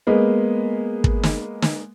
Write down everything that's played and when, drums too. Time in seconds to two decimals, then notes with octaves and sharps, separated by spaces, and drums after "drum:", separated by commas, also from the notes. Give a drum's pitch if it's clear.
0.07 G#3 A#3 B3
1.04 drum: kick
1.23 drum: snare
1.62 drum: snare